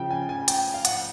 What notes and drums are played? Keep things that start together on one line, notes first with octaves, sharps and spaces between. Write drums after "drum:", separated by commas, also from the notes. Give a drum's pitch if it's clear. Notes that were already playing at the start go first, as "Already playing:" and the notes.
Already playing: C#3 F3 G5
G#5
G#5
G5, drum: hi-hat
F5
F#5, drum: hi-hat